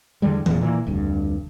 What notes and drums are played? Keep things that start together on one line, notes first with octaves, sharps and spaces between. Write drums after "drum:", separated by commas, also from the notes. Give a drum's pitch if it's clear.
E2 D3 G3 G#3
E1 E2 A#2, drum: tom E3
A#2 E3 A#3
F1 D2 G2